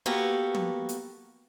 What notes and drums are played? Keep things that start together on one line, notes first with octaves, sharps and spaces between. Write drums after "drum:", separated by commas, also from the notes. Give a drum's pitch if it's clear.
A#3 B3 F#4 G4 A4
drum: tom
drum: hi-hat